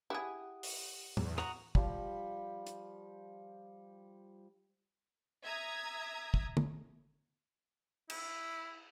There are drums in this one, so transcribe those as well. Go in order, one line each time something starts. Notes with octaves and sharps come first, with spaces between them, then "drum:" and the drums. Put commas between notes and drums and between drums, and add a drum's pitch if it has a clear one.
E4 G4 G#4 F#5 D#6
drum: open hi-hat
E2, drum: tom A2
F#4 A#5 D#6, drum: rim click
F3 G3, drum: kick
drum: hi-hat
E5 A#5 D#6 G#6
drum: kick
drum: tom
E4, drum: cymbal